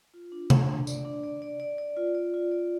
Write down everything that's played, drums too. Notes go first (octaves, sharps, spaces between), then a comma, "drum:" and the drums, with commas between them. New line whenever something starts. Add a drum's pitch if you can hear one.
F4
D4
D4, drum: tom C3
D4
D5, drum: tambourine
D4
D5
D5
D5
D5
F4
D5
F4
D5